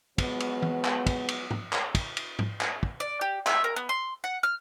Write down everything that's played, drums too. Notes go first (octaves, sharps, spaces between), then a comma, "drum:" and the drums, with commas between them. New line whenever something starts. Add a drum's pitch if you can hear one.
F3 F#3 G#3 B3, drum: kick, cymbal
drum: cymbal
drum: tom
drum: clap
drum: kick, cymbal
drum: cymbal
drum: tom
drum: clap
drum: kick, cymbal
drum: cymbal
drum: tom G#2
drum: clap
drum: kick
D5
G4
E5, drum: clap
A#4
B3
C6
F#5
F6